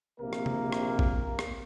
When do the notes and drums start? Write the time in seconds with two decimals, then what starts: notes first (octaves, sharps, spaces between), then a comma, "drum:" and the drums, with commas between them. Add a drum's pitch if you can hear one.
0.19 A#1 C3 A#3 A#4
0.33 drum: rim click
0.46 drum: tom C3
0.72 drum: rim click
0.99 drum: kick
1.39 drum: rim click